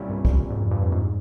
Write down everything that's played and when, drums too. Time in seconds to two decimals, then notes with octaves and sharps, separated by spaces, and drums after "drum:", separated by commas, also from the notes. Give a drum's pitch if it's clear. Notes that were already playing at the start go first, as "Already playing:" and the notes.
Already playing: C2 A#2 G3 C#4 E4
0.10 G2
0.25 drum: kick
0.50 G#2
0.62 F2
0.71 G2
0.82 F2
0.92 G#2